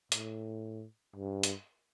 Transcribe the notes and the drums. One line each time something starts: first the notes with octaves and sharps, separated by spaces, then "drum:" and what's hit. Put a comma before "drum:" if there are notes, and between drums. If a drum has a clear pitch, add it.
A2, drum: hi-hat
G2
drum: hi-hat